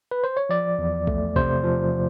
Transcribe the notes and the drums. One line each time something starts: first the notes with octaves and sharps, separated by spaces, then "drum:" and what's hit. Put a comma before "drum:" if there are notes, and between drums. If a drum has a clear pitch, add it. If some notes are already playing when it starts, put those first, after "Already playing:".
B4
C5
C#5
F3 D5
E2
A3, drum: kick B1
C3 C5, drum: kick B1
F3